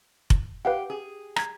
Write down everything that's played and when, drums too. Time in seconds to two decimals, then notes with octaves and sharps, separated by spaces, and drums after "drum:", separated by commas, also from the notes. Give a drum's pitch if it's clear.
0.30 drum: kick F1
0.65 G4 B4 F5 F#5
0.90 G#4
1.36 A#5 G#6, drum: rim click